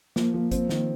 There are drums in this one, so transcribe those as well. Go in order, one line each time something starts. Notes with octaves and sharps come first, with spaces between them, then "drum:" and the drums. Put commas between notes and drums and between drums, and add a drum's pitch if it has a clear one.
F3 A#3, drum: snare
F3
C4, drum: kick, hi-hat
D#3, drum: snare